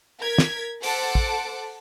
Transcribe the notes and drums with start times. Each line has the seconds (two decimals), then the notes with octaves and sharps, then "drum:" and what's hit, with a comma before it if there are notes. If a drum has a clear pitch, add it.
0.22 A#4 G#6 B6
0.38 drum: snare
0.83 A4 C5 F#5 A5 D6, drum: open hi-hat
1.15 drum: kick